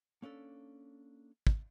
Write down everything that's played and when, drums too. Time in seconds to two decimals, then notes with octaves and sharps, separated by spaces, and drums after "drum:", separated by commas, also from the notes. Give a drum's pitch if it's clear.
0.22 A#3 C#4 D4 A4
1.47 drum: kick